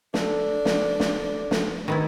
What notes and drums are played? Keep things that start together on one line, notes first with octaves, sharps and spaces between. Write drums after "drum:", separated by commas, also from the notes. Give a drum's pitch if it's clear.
D4 A4, drum: snare
drum: snare
drum: snare
drum: snare
D#3 B3 E4